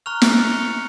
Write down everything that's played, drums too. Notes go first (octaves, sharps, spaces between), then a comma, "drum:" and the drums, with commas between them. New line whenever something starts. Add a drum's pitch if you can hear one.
A#5 C#6 F6 F#6 F7
F6 F7, drum: snare
C#6 C#7
C#6 C#7